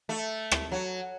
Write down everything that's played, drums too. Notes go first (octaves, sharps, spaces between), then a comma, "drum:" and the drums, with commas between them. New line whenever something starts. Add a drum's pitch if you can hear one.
A3
drum: rim click
F#3